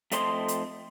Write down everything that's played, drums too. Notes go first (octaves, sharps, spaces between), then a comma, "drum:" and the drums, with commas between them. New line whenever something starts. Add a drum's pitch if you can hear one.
F2 A3 C5 D#5 C6, drum: hi-hat
drum: hi-hat